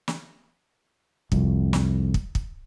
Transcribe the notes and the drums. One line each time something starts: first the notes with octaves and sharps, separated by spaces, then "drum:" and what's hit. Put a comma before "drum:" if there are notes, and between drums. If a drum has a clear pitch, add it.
drum: snare
C2 F2, drum: kick
drum: snare
drum: kick
drum: kick